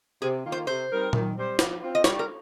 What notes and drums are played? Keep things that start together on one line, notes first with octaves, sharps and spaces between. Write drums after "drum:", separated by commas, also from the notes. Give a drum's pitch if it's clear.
C3 G#4
D#3 A#3 F4
C5
C3 C5
G3 C4 D#4 A#4
D#3, drum: tom
G3 C4 G4 C5
F3, drum: snare
C4 F4
D#5
G3 C#5, drum: snare
A#4